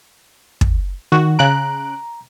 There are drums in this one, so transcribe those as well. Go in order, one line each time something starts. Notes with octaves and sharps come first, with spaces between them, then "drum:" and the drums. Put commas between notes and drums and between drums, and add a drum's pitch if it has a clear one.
drum: kick
D#3 F#4
C#3 A#5 F#6 D7